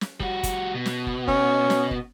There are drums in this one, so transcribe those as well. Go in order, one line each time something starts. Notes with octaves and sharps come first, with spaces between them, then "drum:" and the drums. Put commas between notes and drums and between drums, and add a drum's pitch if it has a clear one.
drum: snare
G3 F#4, drum: kick
drum: kick, hi-hat
B2
drum: snare
drum: kick
C#4, drum: kick
drum: snare
drum: kick